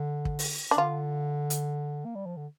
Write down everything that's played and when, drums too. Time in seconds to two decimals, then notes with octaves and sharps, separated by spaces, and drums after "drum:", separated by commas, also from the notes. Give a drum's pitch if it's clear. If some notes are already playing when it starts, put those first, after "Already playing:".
Already playing: D3
0.25 drum: kick
0.39 drum: open hi-hat
0.71 D4
0.77 D3 F4
1.50 drum: hi-hat
2.05 A#3
2.15 G3
2.26 F3
2.36 D3